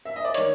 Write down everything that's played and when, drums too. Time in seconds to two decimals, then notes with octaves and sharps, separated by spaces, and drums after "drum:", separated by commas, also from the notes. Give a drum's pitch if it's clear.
0.05 E5
0.16 D#5
0.25 D5
0.34 D#3 C#5, drum: hi-hat